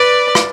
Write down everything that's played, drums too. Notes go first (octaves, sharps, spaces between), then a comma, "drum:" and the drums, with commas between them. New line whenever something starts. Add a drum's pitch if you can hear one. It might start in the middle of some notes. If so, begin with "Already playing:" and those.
Already playing: B4 D5
drum: rim click